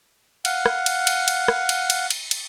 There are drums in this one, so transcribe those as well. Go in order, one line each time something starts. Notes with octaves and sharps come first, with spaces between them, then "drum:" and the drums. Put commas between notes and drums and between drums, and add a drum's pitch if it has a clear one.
F5 F#5, drum: cymbal
drum: rim click
drum: cymbal
drum: cymbal
drum: cymbal
drum: rim click
drum: cymbal
drum: cymbal
drum: cymbal
drum: cymbal